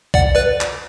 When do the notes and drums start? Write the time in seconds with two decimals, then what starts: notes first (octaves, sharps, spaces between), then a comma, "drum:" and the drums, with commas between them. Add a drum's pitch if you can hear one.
0.14 D5 F#5, drum: kick
0.35 B4 D5
0.61 drum: clap